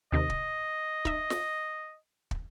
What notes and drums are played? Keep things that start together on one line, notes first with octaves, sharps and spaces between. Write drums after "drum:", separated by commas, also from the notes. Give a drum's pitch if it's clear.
D#2 C3 D#3 D#5
drum: kick
D#4 E5, drum: kick
drum: snare
drum: kick